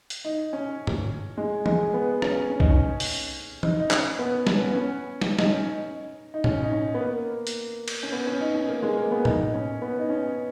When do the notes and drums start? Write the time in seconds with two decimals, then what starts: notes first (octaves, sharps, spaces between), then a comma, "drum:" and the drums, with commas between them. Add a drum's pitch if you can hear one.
0.10 drum: hi-hat
0.25 D#4
0.53 C#4
0.87 drum: tom G2
1.37 G#3
1.66 G#3, drum: tom E3
1.94 B3
2.22 C#4, drum: rim click
2.50 C#4
2.60 D#4, drum: kick B1
2.70 C#4
3.00 drum: open hi-hat
3.63 D#4, drum: tom E3
3.80 D#4
3.91 C#4, drum: clap
4.19 B3
4.47 B3, drum: snare
4.54 C#4
4.62 B3
4.75 C#4
5.22 drum: snare
5.39 D#4, drum: snare
5.45 C#4
5.52 D#4
6.34 D#4
6.44 C#4, drum: tom A2
6.63 D#4
6.72 C#4
6.94 B3
7.00 A#3
7.47 drum: hi-hat
7.88 drum: cymbal
8.03 C#4
8.12 B3
8.27 C#4
8.41 D#4
8.55 C#4
8.69 A#3
8.83 G#3
8.97 A#3
9.11 B3
9.25 D#4, drum: tom A2
9.54 C#4
9.82 B3
9.99 D#4
10.10 C#4